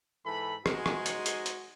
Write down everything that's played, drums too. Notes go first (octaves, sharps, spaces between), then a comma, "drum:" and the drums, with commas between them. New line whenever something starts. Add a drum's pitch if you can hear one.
G#2 E3 A4 B5
G#3 D#4 F#4 C5 D#5 G#5, drum: rim click
drum: rim click
drum: hi-hat
drum: hi-hat
drum: hi-hat